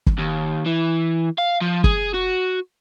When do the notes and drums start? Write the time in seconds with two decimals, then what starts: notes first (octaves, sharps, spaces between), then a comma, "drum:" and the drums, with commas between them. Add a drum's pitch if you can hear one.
0.07 drum: kick
0.19 D#2
0.66 E3
1.38 F5
1.61 F3
1.84 G#4, drum: kick
2.14 F#4